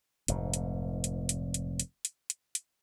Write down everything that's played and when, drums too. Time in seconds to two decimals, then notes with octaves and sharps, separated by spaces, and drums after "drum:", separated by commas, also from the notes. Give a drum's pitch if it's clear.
0.28 F1 G#2, drum: hi-hat
0.54 drum: hi-hat
1.04 drum: hi-hat
1.29 drum: hi-hat
1.54 drum: hi-hat
1.79 drum: hi-hat
2.05 drum: hi-hat
2.30 drum: hi-hat
2.55 drum: hi-hat